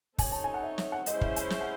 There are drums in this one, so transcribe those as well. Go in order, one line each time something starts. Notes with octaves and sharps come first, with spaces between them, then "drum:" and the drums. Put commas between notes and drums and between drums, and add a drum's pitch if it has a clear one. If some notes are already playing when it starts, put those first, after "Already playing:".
C4 D#4 A4 C#5 G#5, drum: kick, open hi-hat
A5
G#5
F#5
E5
E5, drum: snare
F#5
G#3 C#4 E4 C5 D#5, drum: hi-hat
E5, drum: kick
G#5, drum: hi-hat
E5, drum: snare
F#5